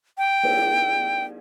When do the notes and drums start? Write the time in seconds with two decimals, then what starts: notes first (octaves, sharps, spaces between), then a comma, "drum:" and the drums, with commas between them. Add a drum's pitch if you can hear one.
0.18 G5
0.43 drum: cymbal